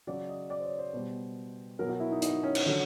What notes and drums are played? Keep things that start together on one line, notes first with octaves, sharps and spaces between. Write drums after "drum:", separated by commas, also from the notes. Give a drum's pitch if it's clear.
C#3 F#3 D5
D#5
D5
C5
C#5
C5
B2 G3
B2 F#3 A#4
F#4
E4
D#4
D#4, drum: hi-hat
C#4
drum: cymbal
D3 F#3